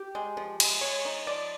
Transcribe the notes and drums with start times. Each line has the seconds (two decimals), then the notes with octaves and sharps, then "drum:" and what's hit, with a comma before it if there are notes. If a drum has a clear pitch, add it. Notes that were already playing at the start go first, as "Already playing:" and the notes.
Already playing: G4
0.15 G#3
0.37 F3
0.60 G#3, drum: cymbal
0.81 G#3 C#5
1.05 D#4
1.27 F3 D5